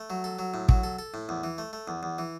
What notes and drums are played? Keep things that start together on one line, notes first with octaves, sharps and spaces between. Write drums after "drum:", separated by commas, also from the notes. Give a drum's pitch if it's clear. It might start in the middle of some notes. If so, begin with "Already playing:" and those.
Already playing: A3
F#3
A4
F#3
A2
F#3, drum: kick
A4
A4
A2
E2
E3
A3
A3
E2
E2
E3